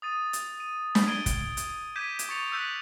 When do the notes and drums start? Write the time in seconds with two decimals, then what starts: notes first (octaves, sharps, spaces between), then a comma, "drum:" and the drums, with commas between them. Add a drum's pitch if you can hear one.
0.02 D#6 A6 D#7
0.33 drum: hi-hat
0.60 D#7
0.95 drum: snare
1.07 G#6 D7 D#7 G7
1.26 drum: kick, hi-hat
1.57 drum: hi-hat
1.96 D6 G6 G#6 B6 D#7 E7
2.19 drum: hi-hat
2.29 C#6 G6 A6 C#7 F7
2.52 E6 F#6 G6 B6 D#7